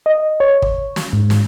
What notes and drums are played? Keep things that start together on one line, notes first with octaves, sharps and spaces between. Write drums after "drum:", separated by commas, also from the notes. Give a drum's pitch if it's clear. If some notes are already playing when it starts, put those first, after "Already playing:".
D#5
C#5
drum: kick
drum: snare
G#2
drum: snare